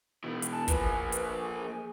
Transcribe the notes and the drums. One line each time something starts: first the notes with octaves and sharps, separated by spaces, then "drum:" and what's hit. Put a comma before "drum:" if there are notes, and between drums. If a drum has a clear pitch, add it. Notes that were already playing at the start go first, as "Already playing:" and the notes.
B2 E3 D#4
drum: hi-hat
G#5 A5
F3 A#3 B4, drum: kick, hi-hat
drum: hi-hat
A4 G#5
G#4